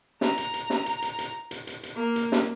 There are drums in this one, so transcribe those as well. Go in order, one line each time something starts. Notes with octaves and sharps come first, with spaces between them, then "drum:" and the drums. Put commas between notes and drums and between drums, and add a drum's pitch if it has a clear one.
A#5, drum: snare
drum: hi-hat
drum: hi-hat
drum: snare
drum: hi-hat
drum: hi-hat
drum: hi-hat
drum: hi-hat
drum: hi-hat
drum: hi-hat
A#3
drum: hi-hat
drum: snare